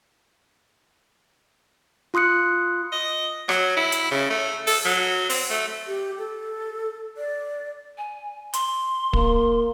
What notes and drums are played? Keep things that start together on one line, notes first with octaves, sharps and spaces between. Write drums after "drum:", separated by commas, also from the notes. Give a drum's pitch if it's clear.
F4 C6 D#6 F#6 C#7
D#5
F#3, drum: rim click
E4
drum: hi-hat
C#3
A3
A4, drum: open hi-hat
F#3
C4, drum: open hi-hat
A3
G4
A4
D5
G#5
C6, drum: hi-hat
A#3, drum: kick